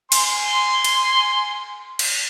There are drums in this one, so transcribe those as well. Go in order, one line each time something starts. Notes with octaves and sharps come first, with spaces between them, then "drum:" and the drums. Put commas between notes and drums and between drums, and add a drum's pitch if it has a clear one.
G#5 C6, drum: cymbal
drum: cymbal
drum: cymbal